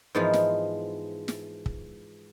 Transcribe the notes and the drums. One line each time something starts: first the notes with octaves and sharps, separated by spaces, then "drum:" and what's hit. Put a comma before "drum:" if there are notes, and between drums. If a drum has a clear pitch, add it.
G#2 E3 F3 G#3 B3 F4
drum: snare
drum: snare
drum: kick